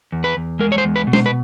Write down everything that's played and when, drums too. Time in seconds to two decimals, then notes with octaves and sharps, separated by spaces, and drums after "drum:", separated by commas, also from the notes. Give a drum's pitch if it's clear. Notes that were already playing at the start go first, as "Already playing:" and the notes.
0.12 E2
0.24 B4
0.37 E2
0.59 G#3 A#4
0.72 C#5
0.78 C5
0.84 E2
0.96 B4
1.07 B2
1.13 C5, drum: tom
1.26 B4